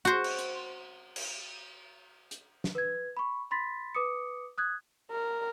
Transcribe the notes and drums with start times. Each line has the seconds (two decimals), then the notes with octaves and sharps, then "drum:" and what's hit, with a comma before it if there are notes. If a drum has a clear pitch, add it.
0.05 F#4 C5
0.24 drum: cymbal
0.38 drum: hi-hat
1.16 drum: cymbal
2.31 drum: hi-hat
2.64 drum: snare
2.75 B4 G#6
3.17 B5 C#6
3.51 B5 C6 A6 B6
3.94 B4 D6 D#6 C#7
4.58 D#6 F#6 G#6
5.11 A#4